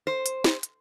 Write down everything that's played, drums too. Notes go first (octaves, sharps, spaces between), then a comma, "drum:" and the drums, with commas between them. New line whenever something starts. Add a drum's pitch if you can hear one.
C5
drum: hi-hat
drum: snare
drum: hi-hat